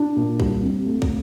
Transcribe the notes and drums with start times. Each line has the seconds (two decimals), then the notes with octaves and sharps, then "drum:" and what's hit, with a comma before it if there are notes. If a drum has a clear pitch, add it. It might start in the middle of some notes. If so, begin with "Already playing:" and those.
Already playing: D4
0.16 A#2
0.40 G3, drum: kick
0.63 C4
0.86 A3
1.02 drum: kick